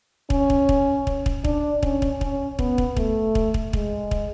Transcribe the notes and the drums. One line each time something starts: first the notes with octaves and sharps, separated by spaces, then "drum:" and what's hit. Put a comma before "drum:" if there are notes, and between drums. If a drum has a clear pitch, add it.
C#4, drum: kick
drum: kick
drum: kick
drum: kick
drum: kick
D4, drum: kick
C#4, drum: kick
drum: kick
C#4, drum: kick
B3, drum: kick
drum: kick
A3, drum: kick
drum: kick
drum: kick
G#3, drum: kick
drum: kick